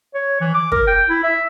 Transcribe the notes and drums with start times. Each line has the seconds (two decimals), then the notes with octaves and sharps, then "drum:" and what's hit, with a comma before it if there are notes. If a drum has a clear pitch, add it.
0.14 C#5
0.41 E3
0.54 D6
0.72 A#4, drum: kick
0.87 G5
1.09 E4
1.24 E5